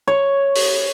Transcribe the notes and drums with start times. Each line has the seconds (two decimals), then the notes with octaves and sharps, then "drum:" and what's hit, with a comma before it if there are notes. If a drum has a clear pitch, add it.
0.07 C#5
0.55 drum: open hi-hat